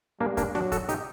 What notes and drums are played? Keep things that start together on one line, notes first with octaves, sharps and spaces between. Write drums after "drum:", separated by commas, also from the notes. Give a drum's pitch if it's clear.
G3 A#3 D4
A#3 D4, drum: kick, hi-hat
F#3 D4 F#4, drum: snare
F#4 A4, drum: kick, hi-hat
D#4 G4, drum: hi-hat